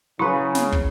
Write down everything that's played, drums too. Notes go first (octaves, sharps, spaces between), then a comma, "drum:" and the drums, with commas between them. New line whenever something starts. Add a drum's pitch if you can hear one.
C#3 F#3 E4 B4 B5 C#6 D#6
drum: snare
drum: kick